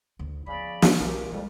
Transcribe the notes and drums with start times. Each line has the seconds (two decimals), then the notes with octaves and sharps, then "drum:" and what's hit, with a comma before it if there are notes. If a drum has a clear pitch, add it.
0.19 D2 D3
0.46 C#3 F3 B3 D5 B5
0.82 D#4, drum: snare
1.00 B1 A#2 G4
1.32 F2 D#3 G3 G#3